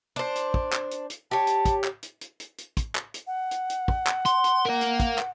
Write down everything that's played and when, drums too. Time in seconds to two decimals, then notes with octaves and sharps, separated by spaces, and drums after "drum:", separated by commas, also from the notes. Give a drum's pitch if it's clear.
0.16 D4 C5
0.36 drum: hi-hat
0.54 drum: kick
0.73 drum: clap
0.91 drum: hi-hat
1.10 drum: hi-hat
1.31 G4 C#5 A5
1.47 drum: hi-hat
1.65 drum: kick, hi-hat
1.84 drum: clap
2.03 drum: hi-hat
2.21 drum: hi-hat
2.40 drum: hi-hat
2.58 drum: hi-hat
2.77 drum: kick, hi-hat
2.95 drum: clap
3.14 drum: hi-hat
3.27 F#5
3.51 drum: hi-hat
3.70 drum: hi-hat
3.88 drum: kick
4.07 drum: clap
4.25 C6, drum: hi-hat
4.44 drum: hi-hat
4.66 A#4 F5
4.81 drum: hi-hat
5.00 drum: kick, hi-hat
5.18 drum: clap